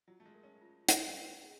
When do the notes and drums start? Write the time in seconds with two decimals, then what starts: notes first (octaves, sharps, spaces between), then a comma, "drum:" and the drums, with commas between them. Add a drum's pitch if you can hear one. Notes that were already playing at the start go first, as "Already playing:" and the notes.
0.08 F#3 F4
0.20 A3
0.25 G#3
0.35 A#4
0.43 C#4
0.62 F4
0.89 F5, drum: hi-hat
1.15 B4
1.42 G#4